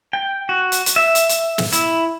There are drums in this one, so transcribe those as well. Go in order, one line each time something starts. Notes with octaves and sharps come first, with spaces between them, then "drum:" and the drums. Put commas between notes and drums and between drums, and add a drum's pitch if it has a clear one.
G5
F#4
drum: hi-hat
drum: hi-hat
E5
drum: hi-hat
drum: hi-hat
drum: snare
E4, drum: hi-hat